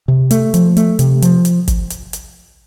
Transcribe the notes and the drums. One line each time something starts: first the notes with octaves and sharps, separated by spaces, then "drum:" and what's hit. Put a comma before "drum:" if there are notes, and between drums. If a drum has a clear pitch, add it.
C3
A3, drum: hi-hat
F3, drum: hi-hat
A3, drum: hi-hat
C3, drum: hi-hat
F3, drum: hi-hat
drum: hi-hat
drum: kick, hi-hat
drum: hi-hat
drum: hi-hat